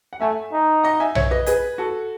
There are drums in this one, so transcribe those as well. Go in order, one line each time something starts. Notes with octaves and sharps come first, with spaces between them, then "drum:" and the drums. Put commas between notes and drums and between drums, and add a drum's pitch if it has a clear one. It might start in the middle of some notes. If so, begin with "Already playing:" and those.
F#5
A3 E5 G#5
D#4
D#5 F#5
E5 G#5
C#5 E5, drum: tom B1
B4 D#5
G#4 B4, drum: hi-hat
F#4 A4